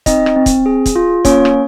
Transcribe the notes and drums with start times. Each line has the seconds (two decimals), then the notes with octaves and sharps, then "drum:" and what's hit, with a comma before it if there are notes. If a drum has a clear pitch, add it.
0.06 C4 D#4 D#5, drum: kick, hi-hat
0.26 drum: rim click
0.36 C4
0.46 drum: kick, hi-hat
0.66 G#4
0.86 drum: kick, hi-hat
0.96 F4
1.25 A#3 C#4 C#5, drum: kick, hi-hat
1.45 drum: rim click